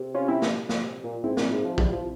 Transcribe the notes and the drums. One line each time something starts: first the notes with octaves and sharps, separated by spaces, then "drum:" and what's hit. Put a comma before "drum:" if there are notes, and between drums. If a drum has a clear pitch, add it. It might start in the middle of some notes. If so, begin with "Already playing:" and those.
Already playing: C3
C#4 F4
C4 E4
drum: snare
drum: snare
C3
A#2
G#2 C4 E4
A#2, drum: snare
G#2
F3
G3, drum: kick A#1
F3